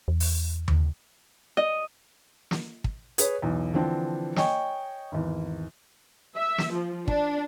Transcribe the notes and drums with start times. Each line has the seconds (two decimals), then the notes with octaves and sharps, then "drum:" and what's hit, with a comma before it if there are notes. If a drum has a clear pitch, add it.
0.08 E2
0.20 drum: open hi-hat
0.68 drum: tom D#2
1.57 D#5
2.51 drum: snare
2.84 drum: kick
3.18 G#4 B4 C#5, drum: hi-hat
3.42 B1 E2
3.73 D3 E3 F3 C4 D4
4.36 C#5 D#5 G5 G#5 C#6, drum: snare
5.12 G#1 E2
6.36 E5
6.58 drum: snare
6.72 F3
7.08 D4, drum: kick